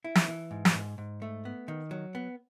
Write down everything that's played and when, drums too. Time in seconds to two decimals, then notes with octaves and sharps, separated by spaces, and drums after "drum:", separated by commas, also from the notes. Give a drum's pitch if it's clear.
0.04 E4
0.15 drum: snare
0.28 E3
0.51 G#2
0.65 drum: snare
0.74 G#2
0.98 G#2
1.22 A3
1.45 B3
1.68 D#3
1.91 F#3
2.15 B3